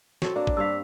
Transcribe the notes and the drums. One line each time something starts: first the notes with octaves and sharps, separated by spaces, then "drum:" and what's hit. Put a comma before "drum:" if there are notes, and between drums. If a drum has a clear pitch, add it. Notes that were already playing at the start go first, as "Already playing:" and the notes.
C4 F#4 A4 C#5, drum: snare
A#3 C4 D4
drum: kick A1
G2 C4 F5 E6 B6